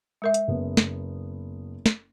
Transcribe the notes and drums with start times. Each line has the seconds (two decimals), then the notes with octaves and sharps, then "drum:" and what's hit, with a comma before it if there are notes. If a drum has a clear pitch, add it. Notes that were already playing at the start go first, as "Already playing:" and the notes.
0.22 G#3 A#4 E5
0.34 drum: hi-hat
0.48 F#1 B3
0.77 drum: snare
1.86 drum: snare